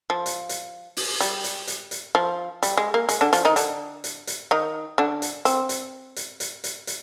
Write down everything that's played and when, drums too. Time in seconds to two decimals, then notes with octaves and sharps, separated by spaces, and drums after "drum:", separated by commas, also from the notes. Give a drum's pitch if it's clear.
0.10 F3
0.26 drum: hi-hat
0.49 drum: hi-hat
0.97 drum: open hi-hat
1.21 G3, drum: hi-hat
1.44 drum: hi-hat
1.67 drum: hi-hat
1.91 drum: hi-hat
2.15 F3
2.63 G3, drum: hi-hat
2.77 G#3
2.94 A#3
3.09 G#3, drum: hi-hat
3.21 D3 D4
3.33 F3 F4, drum: hi-hat
3.45 D#3 D#4
3.56 D3 D4, drum: hi-hat
4.04 drum: hi-hat
4.27 drum: hi-hat
4.51 D#3 D#4
4.98 D3 D4
5.22 drum: hi-hat
5.45 C4, drum: hi-hat
5.69 drum: hi-hat
6.16 drum: hi-hat
6.40 drum: hi-hat
6.64 drum: hi-hat
6.87 drum: hi-hat